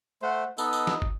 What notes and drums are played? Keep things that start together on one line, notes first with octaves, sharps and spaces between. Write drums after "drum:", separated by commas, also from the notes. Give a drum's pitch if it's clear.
A3 C5 F#5
B3 D#4 A4 D#5, drum: tambourine
drum: tambourine
drum: snare
drum: kick